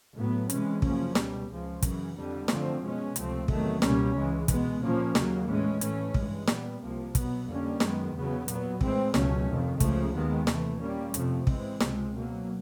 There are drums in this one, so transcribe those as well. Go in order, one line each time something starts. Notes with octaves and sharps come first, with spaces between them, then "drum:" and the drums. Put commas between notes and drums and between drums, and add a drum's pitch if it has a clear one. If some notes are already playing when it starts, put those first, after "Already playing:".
A2 F#3 B3
C3 E3 G#3 C#4, drum: hi-hat
F#2 C#3 F3 A#3 C#4, drum: kick
C#2 B2 G3, drum: snare
C#2 C#3 F3
F#2 C#3 E3, drum: kick, hi-hat
F2 D3 G3
F#2 D3 F3 A3 C4, drum: snare
B2 G#3 C#4
C#2 C3 F3 A3 C4, drum: hi-hat
E2 C3 D#3 F#3 A3, drum: kick
C#2 B2 G3 A#3 C#4, drum: snare
C#2 C#3 E3 G#3
B2 G#3 B3, drum: kick, hi-hat
A#2 F3 A#3 C#4
D#2 C#3 F#3 A#3, drum: snare
A2 E3 G#3 C#4
A2 E3 A3 C#4, drum: hi-hat
G2 E3 G#3, drum: kick
A#2 G3 B3, drum: snare
C2 C3 F3 A#3
B2 F#3 B3, drum: kick, hi-hat
F2 D3 G3 A#3 C#4
F#2 D#3 G#3 B3, drum: snare
E2 C#3 F#3 B3
A#2 F#3 B3, drum: hi-hat
A2 E3 G#3 C4, drum: kick
C#2 B2 F#3 A3 C#4, drum: snare
F2 C3 D#3
C#2 C#3 F3 A3, drum: kick, hi-hat
D#2 D#3 G#3 B3
C3 E3 A3, drum: snare
A#2 G3 A#3 C#4
F2 C3 F3 A3, drum: hi-hat
G#2 E3 G#3 C4, drum: kick
C#2 C3 F3 G#3 C4, drum: snare
B2 F#3 A#3